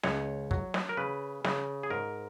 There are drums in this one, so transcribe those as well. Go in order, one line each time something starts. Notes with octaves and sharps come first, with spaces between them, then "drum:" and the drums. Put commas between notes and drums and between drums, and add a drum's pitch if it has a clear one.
C#2 C#5, drum: snare
F#3, drum: kick
drum: snare
A#4
C#3 B4
C#3, drum: snare
G#4
G#2 A#4